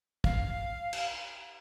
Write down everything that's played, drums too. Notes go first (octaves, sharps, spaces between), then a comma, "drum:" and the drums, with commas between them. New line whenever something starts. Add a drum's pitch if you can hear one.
F5, drum: kick
drum: cymbal